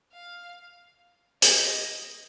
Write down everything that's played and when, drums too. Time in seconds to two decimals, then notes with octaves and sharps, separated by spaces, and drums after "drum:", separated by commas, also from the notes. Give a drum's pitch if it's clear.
0.13 F5
1.42 D#5, drum: hi-hat